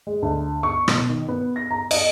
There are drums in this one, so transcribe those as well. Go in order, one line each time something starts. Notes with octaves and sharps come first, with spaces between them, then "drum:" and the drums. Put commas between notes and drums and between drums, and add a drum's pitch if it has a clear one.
G#3
D2
C#6
B2, drum: rim click
D#3
B3
A#6
A#5
D#5, drum: cymbal